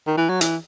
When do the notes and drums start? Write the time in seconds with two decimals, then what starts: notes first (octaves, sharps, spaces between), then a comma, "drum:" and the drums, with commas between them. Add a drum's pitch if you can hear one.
0.07 D#3
0.17 E3
0.29 F#3
0.41 E3, drum: hi-hat